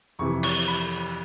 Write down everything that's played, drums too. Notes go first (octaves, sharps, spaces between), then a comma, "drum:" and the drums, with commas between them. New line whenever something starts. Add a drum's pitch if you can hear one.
F2 C3 E3 C#6
C#6, drum: cymbal
B5